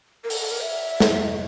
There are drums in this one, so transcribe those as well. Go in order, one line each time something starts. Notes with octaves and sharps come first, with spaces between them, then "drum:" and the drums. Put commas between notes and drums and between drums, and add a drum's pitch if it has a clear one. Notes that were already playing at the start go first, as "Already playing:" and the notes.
A#4
A4, drum: open hi-hat
A4
A#4
E5
drum: snare
D#5